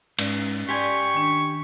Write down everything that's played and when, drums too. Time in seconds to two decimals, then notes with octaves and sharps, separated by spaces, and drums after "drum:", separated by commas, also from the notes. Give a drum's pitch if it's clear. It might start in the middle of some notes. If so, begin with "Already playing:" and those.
0.19 G#2 C#4, drum: cymbal
0.69 G4 D5 G#5 C6 C#6
1.14 D#3 D4